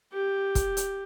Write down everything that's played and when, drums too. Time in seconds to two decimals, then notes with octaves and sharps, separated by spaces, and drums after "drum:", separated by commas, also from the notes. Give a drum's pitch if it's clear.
0.12 G4
0.55 drum: kick, hi-hat
0.77 drum: hi-hat